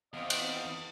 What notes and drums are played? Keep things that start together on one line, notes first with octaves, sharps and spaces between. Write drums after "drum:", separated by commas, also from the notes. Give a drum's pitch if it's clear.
E2 C4 D#5 F5
drum: cymbal